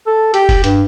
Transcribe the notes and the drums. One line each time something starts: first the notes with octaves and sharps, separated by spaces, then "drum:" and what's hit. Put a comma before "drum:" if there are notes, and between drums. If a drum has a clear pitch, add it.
A4
G4, drum: hi-hat
drum: kick E1, open hi-hat
G2, drum: hi-hat